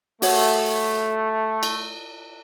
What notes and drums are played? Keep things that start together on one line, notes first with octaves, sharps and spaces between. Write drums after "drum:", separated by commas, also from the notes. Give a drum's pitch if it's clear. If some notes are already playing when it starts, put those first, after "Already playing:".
A3 F#4 C#5, drum: open hi-hat
drum: cymbal